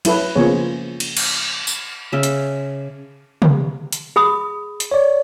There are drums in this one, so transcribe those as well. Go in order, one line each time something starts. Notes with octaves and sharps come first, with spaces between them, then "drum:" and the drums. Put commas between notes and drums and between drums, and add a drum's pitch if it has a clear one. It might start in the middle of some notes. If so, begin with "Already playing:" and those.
F#3 E4 A4 B4, drum: cymbal
C#3 F3 A#3 B3 G#4 C#5
drum: cymbal
drum: cymbal
drum: tambourine
C#3 E5
drum: hi-hat
drum: tom
drum: hi-hat
G#4 B5 D#6
drum: hi-hat
C#5 D5